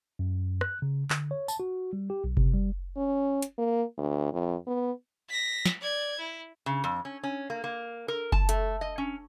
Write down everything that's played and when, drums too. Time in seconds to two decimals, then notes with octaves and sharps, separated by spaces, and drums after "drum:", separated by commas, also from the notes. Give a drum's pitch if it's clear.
0.19 F#2
0.61 F#6, drum: rim click
0.82 C#3
1.10 D3, drum: clap
1.31 C#5
1.48 A5, drum: tambourine
1.60 F#4
1.93 G3
2.10 G4
2.24 B1
2.37 C3, drum: kick F#1
2.54 G3
2.96 C#4
3.42 drum: hi-hat
3.58 A#3
3.98 D2
4.33 F2
4.67 B3
5.29 A#6 B6
5.66 drum: snare
5.81 D5 G#6
6.19 E4
6.66 C#3
6.84 F2
7.05 C#4
7.23 C#4
7.50 A#3
7.64 A#3
8.08 A#4
8.32 A5, drum: kick F#1
8.49 A3, drum: hi-hat
8.81 D#5
8.98 C#4